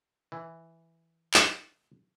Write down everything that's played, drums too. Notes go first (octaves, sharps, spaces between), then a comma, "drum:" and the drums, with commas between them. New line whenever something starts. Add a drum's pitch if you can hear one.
E3
drum: clap